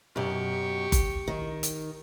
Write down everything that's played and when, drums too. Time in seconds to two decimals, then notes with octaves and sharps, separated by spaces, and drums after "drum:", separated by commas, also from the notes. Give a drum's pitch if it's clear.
0.16 F#2 B2 G4 C#6
0.92 drum: kick F#1, hi-hat
1.28 D#3
1.63 drum: hi-hat